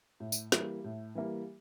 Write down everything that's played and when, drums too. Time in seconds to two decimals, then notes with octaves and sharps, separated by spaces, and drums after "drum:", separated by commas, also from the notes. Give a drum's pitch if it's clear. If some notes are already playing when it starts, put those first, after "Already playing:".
0.20 A2
0.32 drum: tambourine
0.52 E3 G3 A#3, drum: snare
0.84 A2
1.15 E3 G3 A#3